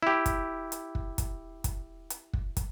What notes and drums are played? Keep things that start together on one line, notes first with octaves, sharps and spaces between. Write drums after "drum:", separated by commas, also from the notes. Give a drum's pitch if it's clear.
E4 G4
drum: kick, hi-hat
drum: hi-hat
drum: kick
drum: kick, hi-hat
drum: kick, hi-hat
drum: hi-hat
drum: kick
drum: kick, hi-hat